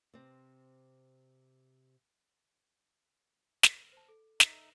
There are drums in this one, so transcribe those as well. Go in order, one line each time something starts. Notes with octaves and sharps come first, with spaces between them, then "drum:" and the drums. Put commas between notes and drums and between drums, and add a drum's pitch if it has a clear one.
C3 C4
drum: snare
C5 A5
A4
D#4 E5, drum: snare